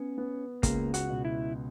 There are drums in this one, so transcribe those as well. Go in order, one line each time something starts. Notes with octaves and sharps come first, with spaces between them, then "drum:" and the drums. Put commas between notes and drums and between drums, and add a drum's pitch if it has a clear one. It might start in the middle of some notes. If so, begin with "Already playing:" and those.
Already playing: B3 C#4
B3
C#2 A#3, drum: kick, hi-hat
F#4, drum: hi-hat
B2
E4